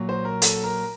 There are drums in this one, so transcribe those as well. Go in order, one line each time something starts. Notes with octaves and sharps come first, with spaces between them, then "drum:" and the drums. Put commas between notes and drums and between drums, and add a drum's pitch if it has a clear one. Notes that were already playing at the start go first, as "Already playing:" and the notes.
Already playing: A#2 F#3
C5
A#4
A4, drum: hi-hat
A#4